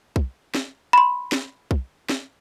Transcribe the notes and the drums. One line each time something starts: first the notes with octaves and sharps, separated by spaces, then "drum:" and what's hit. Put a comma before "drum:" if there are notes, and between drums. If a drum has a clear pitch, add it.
drum: kick
drum: snare
B5 C6
drum: snare
drum: kick
drum: snare